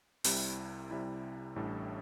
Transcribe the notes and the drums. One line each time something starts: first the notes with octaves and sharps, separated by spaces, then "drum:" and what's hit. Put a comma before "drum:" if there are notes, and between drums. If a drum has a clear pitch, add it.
C2 C3 G3 E4, drum: open hi-hat
C2 C3 G3 E4
A1 A2 G3 D4 A4